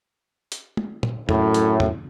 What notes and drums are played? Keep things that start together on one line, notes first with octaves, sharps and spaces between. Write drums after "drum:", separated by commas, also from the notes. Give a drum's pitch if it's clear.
drum: hi-hat
drum: tom
drum: tom
F#2 A2, drum: tom
drum: hi-hat
drum: tom